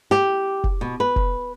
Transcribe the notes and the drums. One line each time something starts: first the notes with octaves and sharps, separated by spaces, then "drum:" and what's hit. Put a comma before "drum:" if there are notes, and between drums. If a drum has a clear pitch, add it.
G4
drum: kick
B2
B4
drum: kick